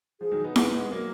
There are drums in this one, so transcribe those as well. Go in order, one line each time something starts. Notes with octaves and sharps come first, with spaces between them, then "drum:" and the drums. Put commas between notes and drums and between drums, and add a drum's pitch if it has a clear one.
F3 G#4
D#3 F#3
B3 D#4
B3 D#4, drum: snare E4
A#3
G#3 B3
F#3 A#3 A#4